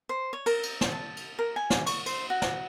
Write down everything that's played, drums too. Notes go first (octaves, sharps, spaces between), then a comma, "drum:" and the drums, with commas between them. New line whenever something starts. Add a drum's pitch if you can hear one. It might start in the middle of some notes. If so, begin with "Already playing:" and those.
C5
C#5
A#4, drum: cymbal
drum: cymbal
drum: snare
A5
drum: cymbal
A#4
G#5
drum: snare
C#6, drum: cymbal
C5, drum: cymbal
F#4
drum: snare